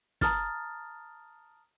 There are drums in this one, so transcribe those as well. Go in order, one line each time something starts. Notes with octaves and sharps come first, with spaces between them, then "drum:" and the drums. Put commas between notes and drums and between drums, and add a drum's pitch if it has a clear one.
A5 A#5 D#6 F6 A6, drum: snare